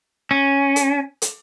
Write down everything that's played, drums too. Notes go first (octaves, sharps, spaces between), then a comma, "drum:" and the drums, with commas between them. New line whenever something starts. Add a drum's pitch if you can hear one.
C#4
drum: hi-hat
drum: hi-hat